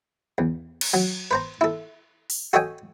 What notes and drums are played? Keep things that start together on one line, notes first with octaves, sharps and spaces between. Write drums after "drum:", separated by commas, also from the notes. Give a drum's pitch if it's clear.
E2
drum: cymbal
F#3
B4 C5 A#5
E4 A4
drum: open hi-hat
F#4 A4 C#5 D#5 G5 G#5